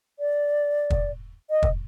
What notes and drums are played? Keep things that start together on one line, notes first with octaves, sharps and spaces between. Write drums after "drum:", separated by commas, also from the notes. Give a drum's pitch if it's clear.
D5
drum: kick
D#5
drum: kick